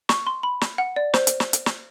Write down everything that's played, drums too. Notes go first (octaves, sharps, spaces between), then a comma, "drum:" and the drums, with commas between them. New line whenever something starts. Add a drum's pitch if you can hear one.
C#6, drum: snare
C6
B5
drum: snare
F#5
D5
C5, drum: snare
drum: hi-hat
drum: snare
drum: hi-hat
drum: snare